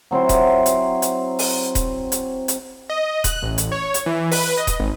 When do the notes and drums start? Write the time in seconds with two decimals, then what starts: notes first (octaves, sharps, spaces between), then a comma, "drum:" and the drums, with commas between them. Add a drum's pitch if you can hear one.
0.11 F#3 C4 E4 C5
0.29 drum: kick D#1, hi-hat
0.66 drum: hi-hat
1.02 drum: hi-hat
1.39 drum: open hi-hat
1.75 drum: kick D#1, hi-hat
2.12 drum: hi-hat
2.48 drum: hi-hat
2.90 D#5
3.24 F#6, drum: kick D#1, hi-hat
3.42 A1
3.58 drum: hi-hat
3.72 C#5
3.94 drum: hi-hat
4.06 E3
4.32 B4, drum: open hi-hat
4.57 D#5
4.67 drum: kick D#1, hi-hat
4.80 G#1